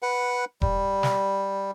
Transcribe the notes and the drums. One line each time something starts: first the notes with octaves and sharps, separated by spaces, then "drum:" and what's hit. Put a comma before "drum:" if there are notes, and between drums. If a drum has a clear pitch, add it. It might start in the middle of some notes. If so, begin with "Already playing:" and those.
B4 F#5
G3, drum: kick E1
drum: snare